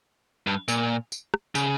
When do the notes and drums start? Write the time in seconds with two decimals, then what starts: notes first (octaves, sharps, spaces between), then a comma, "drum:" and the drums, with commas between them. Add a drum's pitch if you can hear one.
0.47 G2
0.68 A#2, drum: tambourine
1.12 drum: tambourine
1.34 drum: rim click
1.55 C#3, drum: tambourine